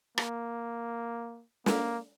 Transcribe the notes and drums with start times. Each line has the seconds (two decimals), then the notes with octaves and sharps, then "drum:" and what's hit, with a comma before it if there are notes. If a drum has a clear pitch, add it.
0.18 A#3, drum: rim click
1.66 A#3, drum: snare